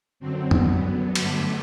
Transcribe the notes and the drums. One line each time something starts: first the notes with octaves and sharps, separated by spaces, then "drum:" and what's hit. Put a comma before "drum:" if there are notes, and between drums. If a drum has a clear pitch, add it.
F#2 D3 F#3 C4
G2 F#3 B3, drum: tom
F#2 D3 F#3
G2 D3 F#3 A3, drum: cymbal